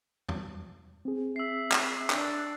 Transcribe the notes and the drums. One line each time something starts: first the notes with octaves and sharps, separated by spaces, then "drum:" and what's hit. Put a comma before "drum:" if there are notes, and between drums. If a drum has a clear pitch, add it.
drum: tom
C4 G#4
E5 E6 C7
drum: clap
D4, drum: clap